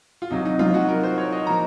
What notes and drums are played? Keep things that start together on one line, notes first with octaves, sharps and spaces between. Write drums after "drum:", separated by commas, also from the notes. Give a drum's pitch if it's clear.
F4
C2 C3 F#3 D#4
D#4
F4, drum: tom F3
F#4
A#4
C5
C#5
D#5
F3 A#3 A#5